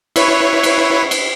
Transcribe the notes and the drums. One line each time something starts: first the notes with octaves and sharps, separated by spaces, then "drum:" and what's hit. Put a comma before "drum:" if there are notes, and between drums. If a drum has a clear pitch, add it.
E4 B4 C#5, drum: cymbal
drum: cymbal
drum: cymbal